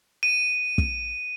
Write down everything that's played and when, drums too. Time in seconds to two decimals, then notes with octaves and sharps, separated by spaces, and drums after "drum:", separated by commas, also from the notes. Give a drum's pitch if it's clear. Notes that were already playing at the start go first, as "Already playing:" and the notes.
0.23 D#7
0.78 drum: kick